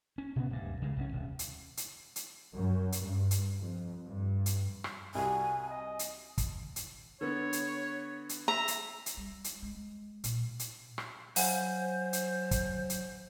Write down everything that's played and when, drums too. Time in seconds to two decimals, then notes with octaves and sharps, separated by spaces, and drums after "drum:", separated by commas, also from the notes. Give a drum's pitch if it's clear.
0.18 C#4
0.36 A#2 C#3 B3 C4
0.50 D1 G2
0.82 C#2 C#3 G#3
0.97 C2 G#3 C#4
1.12 D#1
1.39 drum: hi-hat
1.77 drum: hi-hat
2.16 drum: hi-hat
2.54 F#2
2.92 drum: hi-hat
3.02 G2
3.31 drum: hi-hat
3.60 F2
4.07 G2
4.46 drum: hi-hat
4.84 drum: rim click
5.15 C2 F#4 G#5
5.70 D#5
5.99 drum: hi-hat
6.38 drum: kick, hi-hat
6.76 drum: hi-hat
7.21 D3 B3 C#5
7.53 drum: hi-hat
8.29 drum: hi-hat
8.48 E5 A#5
8.68 drum: hi-hat
9.06 drum: hi-hat
9.17 G3
9.44 drum: hi-hat
9.62 G#3
10.24 A#2, drum: hi-hat
10.59 drum: hi-hat
10.98 drum: rim click
11.36 F#3 C5 F5 F#5 G#5, drum: open hi-hat
12.13 drum: hi-hat
12.51 drum: kick, hi-hat
12.90 drum: hi-hat